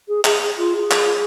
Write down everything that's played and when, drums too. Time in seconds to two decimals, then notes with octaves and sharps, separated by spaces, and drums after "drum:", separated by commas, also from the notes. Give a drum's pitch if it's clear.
0.08 G#4
0.25 G#4, drum: clap
0.42 G#4
0.58 F4
0.74 G#4
0.91 drum: clap